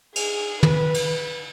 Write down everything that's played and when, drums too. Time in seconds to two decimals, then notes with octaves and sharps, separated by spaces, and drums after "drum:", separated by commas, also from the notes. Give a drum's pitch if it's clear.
0.16 G#4, drum: cymbal
0.63 B4, drum: tom
0.94 drum: cymbal